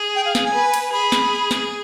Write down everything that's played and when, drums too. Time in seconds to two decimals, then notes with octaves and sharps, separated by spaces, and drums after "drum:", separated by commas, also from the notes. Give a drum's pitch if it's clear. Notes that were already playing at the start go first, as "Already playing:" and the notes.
Already playing: G#4
0.15 G5
0.25 F5
0.35 drum: snare
0.45 G#5
0.54 B4
0.74 drum: cymbal
0.93 G#4 B5
1.12 drum: snare
1.51 drum: snare